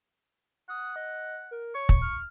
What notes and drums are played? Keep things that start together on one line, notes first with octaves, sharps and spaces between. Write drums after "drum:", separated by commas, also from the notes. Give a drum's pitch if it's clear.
F#5 D#6
D#5
A#4
C#5 C#6
drum: kick
F6